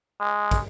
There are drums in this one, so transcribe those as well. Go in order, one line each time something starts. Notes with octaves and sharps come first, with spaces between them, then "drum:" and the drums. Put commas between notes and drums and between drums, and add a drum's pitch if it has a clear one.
G#3
drum: kick, hi-hat